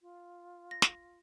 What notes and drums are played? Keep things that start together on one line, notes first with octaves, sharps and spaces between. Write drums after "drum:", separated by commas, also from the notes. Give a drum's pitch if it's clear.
F4
A#6
drum: snare